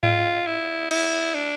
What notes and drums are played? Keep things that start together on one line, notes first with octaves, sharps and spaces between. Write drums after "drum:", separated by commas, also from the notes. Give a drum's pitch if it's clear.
F4, drum: tom G#2
E4
E4, drum: cymbal
D4